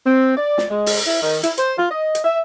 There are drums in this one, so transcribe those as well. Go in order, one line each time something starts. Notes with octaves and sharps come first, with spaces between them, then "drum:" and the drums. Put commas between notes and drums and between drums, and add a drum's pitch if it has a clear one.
C4
D5
drum: snare
G#3
drum: open hi-hat
E4
D#3
E4, drum: hi-hat
C5, drum: hi-hat
F4
D#5
drum: hi-hat
E5